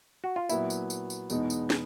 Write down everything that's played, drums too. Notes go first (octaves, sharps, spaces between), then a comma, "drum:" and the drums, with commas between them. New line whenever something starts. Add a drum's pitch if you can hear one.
F#4
F4
A#2 F#3 B3 E4, drum: tambourine
drum: tambourine
drum: tambourine
drum: tambourine
E2 B2 G#3 B3 D#4, drum: tambourine
drum: tambourine
drum: snare